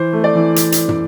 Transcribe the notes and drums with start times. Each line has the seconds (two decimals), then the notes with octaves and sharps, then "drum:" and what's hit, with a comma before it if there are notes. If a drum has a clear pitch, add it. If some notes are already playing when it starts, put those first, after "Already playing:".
Already playing: E3 C5
0.13 A3
0.24 D5
0.35 E3
0.56 drum: hi-hat
0.72 drum: hi-hat
0.88 drum: tom